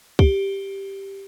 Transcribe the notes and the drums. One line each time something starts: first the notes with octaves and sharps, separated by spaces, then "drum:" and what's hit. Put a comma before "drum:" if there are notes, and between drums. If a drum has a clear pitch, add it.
G4, drum: kick